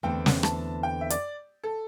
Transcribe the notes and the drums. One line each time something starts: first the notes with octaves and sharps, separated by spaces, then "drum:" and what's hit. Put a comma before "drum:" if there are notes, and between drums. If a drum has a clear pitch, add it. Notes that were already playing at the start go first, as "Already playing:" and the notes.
E2 D3 A3 C4 G5
drum: snare
A5, drum: rim click
G5
E5
D5, drum: hi-hat
A4